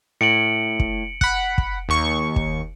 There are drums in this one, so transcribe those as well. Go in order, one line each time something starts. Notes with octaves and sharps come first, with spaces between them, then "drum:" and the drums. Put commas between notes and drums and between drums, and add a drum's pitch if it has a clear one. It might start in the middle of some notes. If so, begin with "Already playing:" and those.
A2 C#7 D7 F#7
drum: kick
F#5 B5, drum: kick
drum: kick
D#2 C#6
drum: kick